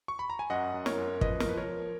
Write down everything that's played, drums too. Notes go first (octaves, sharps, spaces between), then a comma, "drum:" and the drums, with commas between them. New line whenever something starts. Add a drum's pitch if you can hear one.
C#6
B5
A#5
G#5
F#2 D#5 F#5
F#2
A#4 C#5, drum: snare
F#2
F3 B4 D#5, drum: kick
A#4, drum: snare
F3 B4
A#4 C#5
F3